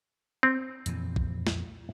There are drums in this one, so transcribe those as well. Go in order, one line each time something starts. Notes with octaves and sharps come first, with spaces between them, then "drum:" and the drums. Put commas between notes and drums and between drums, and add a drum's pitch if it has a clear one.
C4
F2 A#2 E3, drum: hi-hat
drum: kick
drum: snare